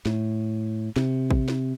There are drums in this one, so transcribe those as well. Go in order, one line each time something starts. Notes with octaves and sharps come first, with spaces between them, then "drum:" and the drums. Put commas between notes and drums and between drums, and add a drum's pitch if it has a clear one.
A2, drum: snare
C3, drum: snare
drum: kick
drum: snare